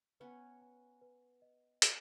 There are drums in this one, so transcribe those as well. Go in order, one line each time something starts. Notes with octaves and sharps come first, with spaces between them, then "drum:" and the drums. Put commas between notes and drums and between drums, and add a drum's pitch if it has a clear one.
B3 C#4 B4
G#5
B4
D#5
G#5, drum: hi-hat